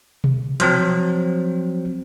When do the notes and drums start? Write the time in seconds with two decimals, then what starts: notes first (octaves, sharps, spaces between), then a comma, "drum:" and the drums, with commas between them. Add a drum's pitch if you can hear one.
0.24 drum: tom B2
0.60 F3 F#3 C4, drum: hi-hat